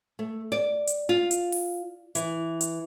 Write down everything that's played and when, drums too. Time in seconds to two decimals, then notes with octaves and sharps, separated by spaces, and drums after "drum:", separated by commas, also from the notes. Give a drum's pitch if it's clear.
0.19 A3
0.52 D5
0.87 drum: hi-hat
1.09 F4
1.31 drum: hi-hat
1.52 drum: open hi-hat
2.15 E3, drum: hi-hat
2.61 drum: hi-hat